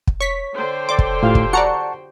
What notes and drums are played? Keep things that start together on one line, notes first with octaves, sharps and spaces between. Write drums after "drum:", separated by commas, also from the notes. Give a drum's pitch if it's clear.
drum: kick
C#5 C#6 B6
D3 C5 G5
D5 C6 D6
drum: kick
A2 F4 G4 F5
drum: kick
F#4 D5 F#5 A5 A#5 C#6 C#7